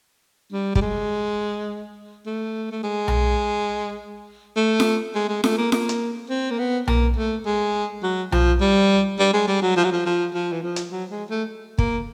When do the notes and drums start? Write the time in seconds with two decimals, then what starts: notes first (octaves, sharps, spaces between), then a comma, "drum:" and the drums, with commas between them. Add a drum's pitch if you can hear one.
0.52 G3
0.75 G3, drum: kick
0.81 G#3
2.26 A3
2.72 A3
2.83 G#3
3.08 drum: tom B1
4.56 A3
4.80 drum: snare F4
5.15 G#3
5.29 G#3
5.44 A3, drum: snare F4
5.58 A#3
5.72 A#3, drum: snare F4
5.89 drum: hi-hat
6.30 C4
6.51 A#3
6.59 B3
6.87 A#3, drum: tom B1
7.17 A3
7.46 G#3
8.03 F#3
8.32 F3, drum: tom B1
8.61 G3
9.19 G3
9.33 G#3
9.48 G3
9.62 F#3
9.77 F3
9.84 F#3
9.92 F3
10.06 F3
10.34 F3
10.52 E3
10.63 F3
10.76 drum: hi-hat
10.91 F#3
11.11 G#3
11.30 A3
11.78 A#3, drum: kick